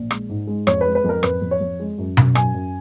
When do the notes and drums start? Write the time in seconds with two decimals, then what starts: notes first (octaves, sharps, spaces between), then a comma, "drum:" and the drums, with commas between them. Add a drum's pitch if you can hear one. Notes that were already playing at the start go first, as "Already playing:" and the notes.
Already playing: A#1
0.11 G#3, drum: rim click
0.29 G#2
0.47 G#3
0.67 F2 C#5, drum: rim click
0.81 G#3 B4
0.95 B4
1.04 F2 A#4
1.23 F2 B4, drum: rim click
1.42 F2
1.51 C#5
1.61 F2
1.80 G#3
1.98 F#2
2.17 F#2, drum: tom B2
2.35 F#2 G#5, drum: rim click
2.54 F#2